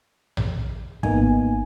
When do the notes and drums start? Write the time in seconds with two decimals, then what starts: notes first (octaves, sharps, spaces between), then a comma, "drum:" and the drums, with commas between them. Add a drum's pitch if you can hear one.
0.37 drum: tom A#1
1.03 G#1 A#3 B3 D#4 G#5, drum: kick